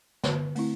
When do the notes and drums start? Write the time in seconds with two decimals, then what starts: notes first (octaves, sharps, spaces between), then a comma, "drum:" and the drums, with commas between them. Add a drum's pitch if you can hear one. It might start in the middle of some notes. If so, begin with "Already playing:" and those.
0.24 D3, drum: snare
0.55 A3 C4 E4, drum: open hi-hat